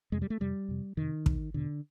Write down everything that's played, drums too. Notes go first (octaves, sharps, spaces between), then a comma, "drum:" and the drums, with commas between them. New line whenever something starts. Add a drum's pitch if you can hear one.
F2 C3 G#3
G3
A3
F2 C3 G3
F2 C3
F2 C3 D#3
E2 B2, drum: kick
E2 B2 D3